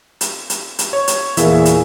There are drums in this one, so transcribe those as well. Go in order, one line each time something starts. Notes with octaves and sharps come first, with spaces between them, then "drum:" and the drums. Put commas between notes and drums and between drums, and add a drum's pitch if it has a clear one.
drum: hi-hat
drum: hi-hat
drum: hi-hat
C#5
drum: hi-hat
E2 A#2 E3 A#3 G#4 E5, drum: hi-hat
drum: hi-hat